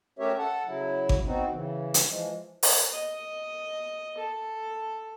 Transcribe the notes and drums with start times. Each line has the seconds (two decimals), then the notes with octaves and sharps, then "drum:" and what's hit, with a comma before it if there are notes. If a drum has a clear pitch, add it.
0.19 A3 C#4 G4 A#4 C#5 E5
0.38 A4 F#5 A5
0.66 C#3 F#3 E4
1.09 drum: kick G#1
1.25 B3 C4 D#4 F#4
1.51 C#3 E3
1.94 drum: hi-hat
2.09 E3 F3 G#3
2.63 drum: open hi-hat
2.92 D#5
4.18 A4